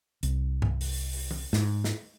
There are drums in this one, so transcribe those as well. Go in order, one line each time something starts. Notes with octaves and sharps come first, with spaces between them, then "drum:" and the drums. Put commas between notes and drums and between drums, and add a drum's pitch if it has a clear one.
C2, drum: hi-hat
drum: tom G2
drum: open hi-hat
drum: open hi-hat
drum: tom E3
G#2, drum: snare
drum: snare